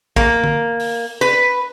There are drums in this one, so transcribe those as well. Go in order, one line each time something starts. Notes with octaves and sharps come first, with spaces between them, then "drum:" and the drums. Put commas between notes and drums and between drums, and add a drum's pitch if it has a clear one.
A#3, drum: kick A#1
drum: tom D3
drum: open hi-hat
B4